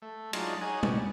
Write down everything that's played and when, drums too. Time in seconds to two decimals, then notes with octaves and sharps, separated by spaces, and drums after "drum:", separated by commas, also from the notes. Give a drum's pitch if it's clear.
0.02 A3
0.33 F#3 G#3 D4 D#4 F4, drum: cymbal
0.61 D#4 G#4 C#5 F#5 G#5
0.83 B2 G3 F#4, drum: tom